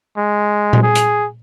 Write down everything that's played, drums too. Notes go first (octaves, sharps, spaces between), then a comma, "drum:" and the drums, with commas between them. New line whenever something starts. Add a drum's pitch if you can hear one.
G#3
drum: tom A#2
G#4
drum: hi-hat